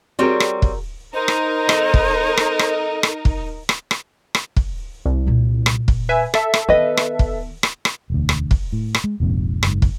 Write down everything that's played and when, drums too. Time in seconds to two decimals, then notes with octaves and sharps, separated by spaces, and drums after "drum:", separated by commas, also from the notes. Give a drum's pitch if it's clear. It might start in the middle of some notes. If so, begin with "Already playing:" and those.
0.19 G3 C4 F#4 G#4 A#4 C#5
0.40 drum: rim click
0.62 drum: kick
1.14 D#4 A#4 C5
1.28 drum: rim click
1.69 A4 D#5, drum: rim click
1.94 drum: kick
2.37 drum: rim click
2.59 drum: rim click
3.03 drum: rim click
3.25 drum: kick
3.69 drum: rim click
3.91 drum: rim click
4.35 drum: rim click
4.56 drum: kick
5.06 C2
5.26 A#2 A#3
5.66 drum: rim click
5.88 drum: kick
6.09 B4 E5 G#5
6.34 A4 E5, drum: rim click
6.54 drum: rim click
6.69 D#3 B3 B4 D#5
6.97 drum: rim click
7.19 drum: kick
7.63 drum: rim click
7.85 drum: rim click
8.10 E1 D2
8.29 drum: rim click
8.51 drum: kick
8.73 A2
8.95 drum: rim click
9.04 G#3
9.20 F1 A#1 F2 G#2
9.63 F#1 G#2, drum: rim click
9.82 drum: kick